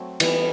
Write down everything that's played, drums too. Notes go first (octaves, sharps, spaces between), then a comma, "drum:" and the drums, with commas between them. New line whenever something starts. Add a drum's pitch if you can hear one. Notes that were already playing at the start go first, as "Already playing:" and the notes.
Already playing: F#3 A3 C4
E3 G3 B3, drum: cymbal